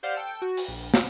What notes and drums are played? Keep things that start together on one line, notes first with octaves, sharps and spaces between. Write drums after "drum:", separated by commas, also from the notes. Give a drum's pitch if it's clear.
G4 C5 D5 F5 F#5
A4 G5
F#4
drum: open hi-hat
A#1
C4, drum: snare